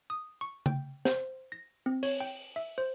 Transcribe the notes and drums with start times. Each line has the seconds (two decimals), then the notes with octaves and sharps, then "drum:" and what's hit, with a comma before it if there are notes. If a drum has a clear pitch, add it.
0.10 D#6
0.41 C#6
0.66 G5, drum: tom C#3
1.05 C5, drum: snare
1.52 A#6
1.86 C4
2.03 C#5, drum: open hi-hat
2.20 G5
2.56 E5
2.78 C5